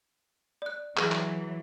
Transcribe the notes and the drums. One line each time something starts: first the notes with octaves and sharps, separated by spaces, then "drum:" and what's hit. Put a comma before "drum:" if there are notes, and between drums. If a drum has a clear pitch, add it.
D5 F#6
E3 F#3 G#4 A#6, drum: clap
drum: clap